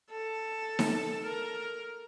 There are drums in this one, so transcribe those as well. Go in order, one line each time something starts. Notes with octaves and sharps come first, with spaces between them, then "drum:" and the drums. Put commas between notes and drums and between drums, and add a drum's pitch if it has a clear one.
A4
drum: snare D#4
A#4